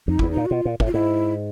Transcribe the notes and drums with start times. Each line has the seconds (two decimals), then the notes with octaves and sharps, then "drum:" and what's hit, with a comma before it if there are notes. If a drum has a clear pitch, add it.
0.08 F2 D#4
0.19 E2 E4, drum: kick
0.31 D#4
0.37 A#2
0.46 F#4
0.50 B2 F4
0.65 A#2
0.80 A2, drum: kick
0.87 F4
0.94 G#2 E4